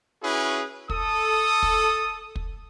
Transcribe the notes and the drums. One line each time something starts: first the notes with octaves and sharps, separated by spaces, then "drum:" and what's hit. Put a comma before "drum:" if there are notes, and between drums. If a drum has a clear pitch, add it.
C#4 E4 F#4 G#4 B4
A4 D#6, drum: kick
drum: kick
drum: kick